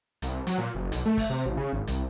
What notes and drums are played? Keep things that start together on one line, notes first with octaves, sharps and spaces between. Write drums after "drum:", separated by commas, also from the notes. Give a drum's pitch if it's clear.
C2, drum: hi-hat
F#3, drum: hi-hat
A#2
F#1
B1, drum: hi-hat
A3
drum: kick, open hi-hat
C3
A1
C#3
G#1
C2, drum: hi-hat